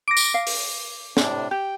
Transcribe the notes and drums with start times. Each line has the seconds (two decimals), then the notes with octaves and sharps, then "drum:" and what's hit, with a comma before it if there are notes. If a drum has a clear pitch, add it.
0.08 D6 A#6 D7
0.17 drum: tambourine
0.34 F5
0.47 drum: open hi-hat
1.17 A2 C3 D4, drum: snare
1.51 G4 G5